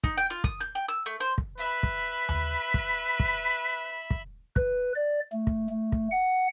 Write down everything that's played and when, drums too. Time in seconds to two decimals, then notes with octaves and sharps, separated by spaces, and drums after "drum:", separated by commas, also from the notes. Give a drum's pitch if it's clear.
0.04 D#4, drum: kick
0.17 G5
0.30 F4
0.44 D#6, drum: kick
0.60 G6
0.75 G5
0.89 E6
1.06 A3
1.20 C5
1.38 drum: kick
1.58 B4 E5 B5
1.83 drum: kick
2.29 drum: tom D#2
2.74 drum: kick
3.20 drum: kick
4.10 drum: kick
4.56 B4, drum: kick
4.95 D5
5.32 A3
5.47 drum: kick
5.69 A3
5.92 drum: kick
6.11 F#5